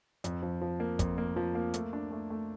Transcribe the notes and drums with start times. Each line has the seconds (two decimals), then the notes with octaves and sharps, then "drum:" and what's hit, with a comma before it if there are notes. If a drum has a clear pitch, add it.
0.24 F2, drum: hi-hat
0.43 F3
0.61 F3
0.80 A#3
0.99 F2, drum: kick, hi-hat
1.18 A#3
1.36 F3
1.55 A#3
1.74 A3, drum: hi-hat
1.93 D4
2.11 A3
2.30 A3